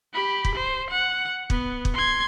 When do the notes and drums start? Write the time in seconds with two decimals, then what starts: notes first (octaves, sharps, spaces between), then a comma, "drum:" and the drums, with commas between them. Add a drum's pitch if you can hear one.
0.13 G4 B5
0.45 drum: kick
0.55 C5
0.90 F#5
1.50 B3, drum: kick
1.85 drum: kick
1.94 C6 G#6